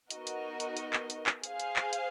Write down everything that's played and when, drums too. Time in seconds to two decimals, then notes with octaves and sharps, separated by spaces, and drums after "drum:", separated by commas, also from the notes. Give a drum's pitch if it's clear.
0.10 B3 D#4 F#4 A#4 D#5, drum: hi-hat
0.27 drum: hi-hat
0.60 drum: hi-hat
0.77 drum: hi-hat
0.93 drum: clap
1.10 drum: hi-hat
1.26 drum: clap
1.44 G#4 C5 F5, drum: hi-hat
1.60 drum: hi-hat
1.76 drum: clap
1.93 drum: hi-hat